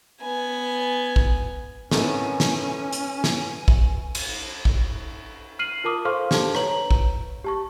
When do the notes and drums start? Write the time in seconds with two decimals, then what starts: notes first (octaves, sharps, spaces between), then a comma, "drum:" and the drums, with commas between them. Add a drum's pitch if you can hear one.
0.22 B3 G#5
1.16 drum: kick
1.91 A2 C3 D#3 C#4 A4 B4 F#5 G#5, drum: snare
2.40 drum: snare
2.93 drum: hi-hat
3.24 drum: snare
3.68 drum: kick
4.15 drum: cymbal
4.65 drum: kick
5.59 F6 C7 D#7 F#7
5.84 F4 A#4 A5 D6 D#6
6.05 A4 C5 F5 C6 C#6 F6
6.31 D4 G4 A4 C5 A5, drum: snare
6.55 B4 C#5 A#5 F#7, drum: rim click
6.91 drum: kick
7.45 G4 A5 C#6